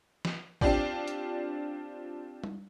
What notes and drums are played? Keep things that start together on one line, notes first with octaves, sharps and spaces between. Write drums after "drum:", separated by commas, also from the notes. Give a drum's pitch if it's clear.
drum: snare
C4 D4 F4 G4 D5 G5, drum: kick
drum: hi-hat
drum: tom G3